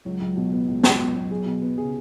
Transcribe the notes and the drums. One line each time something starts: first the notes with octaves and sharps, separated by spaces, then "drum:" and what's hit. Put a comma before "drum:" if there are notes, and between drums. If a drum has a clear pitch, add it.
C#2 F#3
C#2
B2
B3
C#2
C#2, drum: snare
B3
B3
G#4
B2
B3
C#3 G#4